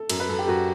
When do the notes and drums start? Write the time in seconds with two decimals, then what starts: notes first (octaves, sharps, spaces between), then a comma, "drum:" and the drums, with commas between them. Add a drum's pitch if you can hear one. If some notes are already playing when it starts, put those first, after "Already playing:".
Already playing: A4
0.10 F#2, drum: cymbal
0.20 B4
0.29 F#2 A4
0.39 G4
0.47 F#2 F#4